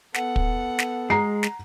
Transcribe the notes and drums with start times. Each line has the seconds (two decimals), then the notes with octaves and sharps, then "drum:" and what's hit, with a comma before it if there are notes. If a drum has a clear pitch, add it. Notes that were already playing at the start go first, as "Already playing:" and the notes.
0.14 B3 A4 F#5, drum: snare
0.36 drum: kick
0.79 drum: snare
1.10 G#3 A#5 C7
1.43 drum: snare